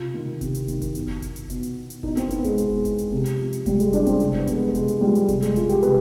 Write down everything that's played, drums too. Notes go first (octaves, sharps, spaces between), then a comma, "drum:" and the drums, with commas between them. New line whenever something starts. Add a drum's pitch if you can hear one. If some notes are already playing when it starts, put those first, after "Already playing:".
Already playing: C3 F4
D#3
C3, drum: kick F#1, hi-hat
drum: hi-hat
D#3, drum: hi-hat
drum: kick F#1, hi-hat
B2, drum: hi-hat
drum: kick F#1, hi-hat
drum: hi-hat
B2, drum: hi-hat
drum: hi-hat
drum: hi-hat
B2 D#4, drum: kick F#1
C4, drum: hi-hat
B3, drum: hi-hat
G#3, drum: kick F#1, hi-hat
B2, drum: hi-hat
drum: kick F#1, hi-hat
drum: hi-hat
C3
drum: hi-hat
F3
drum: hi-hat
C3 G3, drum: kick F#1, hi-hat
G#3, drum: hi-hat
F3 D4, drum: hi-hat
C4, drum: kick F#1, hi-hat
C3, drum: hi-hat
B3
F3 G#3, drum: kick F#1, hi-hat
B3
C3 G#3, drum: hi-hat
drum: hi-hat
F3 G3
drum: hi-hat
C3 G#3, drum: kick F#1, hi-hat
G#3, drum: hi-hat
F3 F4, drum: hi-hat
G4, drum: kick F#1, hi-hat
C3 B4, drum: hi-hat